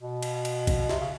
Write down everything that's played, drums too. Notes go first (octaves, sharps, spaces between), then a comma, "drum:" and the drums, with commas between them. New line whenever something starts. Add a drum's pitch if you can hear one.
B2
drum: cymbal
drum: cymbal
drum: kick A#1, cymbal
C3, drum: snare
C#3